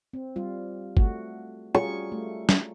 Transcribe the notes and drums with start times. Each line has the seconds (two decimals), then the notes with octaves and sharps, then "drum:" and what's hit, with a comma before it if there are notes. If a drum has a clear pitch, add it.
0.13 C4
0.36 G3 F4
0.97 A3 F#4, drum: kick G1
1.75 G3 F4 G#4 C#6
2.12 A3
2.49 drum: snare